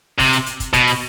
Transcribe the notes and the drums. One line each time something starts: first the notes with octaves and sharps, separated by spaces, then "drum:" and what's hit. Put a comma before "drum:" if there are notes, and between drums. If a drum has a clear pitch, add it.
C3, drum: kick, open hi-hat
drum: hi-hat
drum: hi-hat
drum: kick, hi-hat
B2, drum: kick, hi-hat
drum: open hi-hat